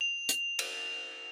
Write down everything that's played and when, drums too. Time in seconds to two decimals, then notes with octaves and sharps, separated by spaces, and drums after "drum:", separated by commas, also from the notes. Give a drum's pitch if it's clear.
0.01 F7
0.29 drum: hi-hat
0.59 drum: cymbal